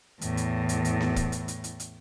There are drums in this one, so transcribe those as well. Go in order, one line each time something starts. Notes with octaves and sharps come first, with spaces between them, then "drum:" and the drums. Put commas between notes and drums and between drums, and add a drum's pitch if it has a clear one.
E2 A2, drum: hi-hat
drum: hi-hat
drum: hi-hat
drum: hi-hat
drum: snare B3
drum: kick, hi-hat
drum: hi-hat
drum: hi-hat
drum: hi-hat
drum: hi-hat